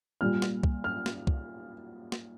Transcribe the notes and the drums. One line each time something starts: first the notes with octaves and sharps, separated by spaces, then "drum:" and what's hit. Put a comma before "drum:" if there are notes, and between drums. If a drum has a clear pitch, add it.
A#2 G3 F6
drum: snare
drum: kick C2
F6
drum: snare
drum: kick C2
drum: snare